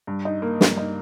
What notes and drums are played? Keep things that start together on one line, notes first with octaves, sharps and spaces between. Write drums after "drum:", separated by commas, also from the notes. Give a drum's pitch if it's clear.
G2
D#4
A#3
G2, drum: snare
D#4